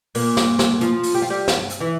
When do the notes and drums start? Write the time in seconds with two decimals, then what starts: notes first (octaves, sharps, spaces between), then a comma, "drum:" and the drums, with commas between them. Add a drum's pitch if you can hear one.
0.15 A#2 A#3, drum: open hi-hat
0.37 drum: snare
0.59 drum: snare
0.81 F3 F4, drum: hi-hat
1.03 drum: open hi-hat
1.15 G4
1.22 F4
1.30 G3 G4
1.48 drum: snare
1.70 drum: hi-hat
1.81 E3 E4